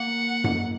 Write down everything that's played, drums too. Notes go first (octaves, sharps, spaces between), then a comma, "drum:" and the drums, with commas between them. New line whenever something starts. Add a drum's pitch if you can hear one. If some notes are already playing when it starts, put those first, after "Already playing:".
Already playing: A#3 F#5
drum: tom F#2